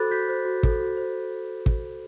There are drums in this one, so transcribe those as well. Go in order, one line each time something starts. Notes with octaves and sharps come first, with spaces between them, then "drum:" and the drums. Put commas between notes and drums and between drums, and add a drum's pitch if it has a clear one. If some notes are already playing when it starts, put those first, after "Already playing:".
Already playing: F#4 A4 C5 B5 D6 F#6 A6
F#4 G6 B6
C5
F#4
A4, drum: kick
F#4
C5
drum: kick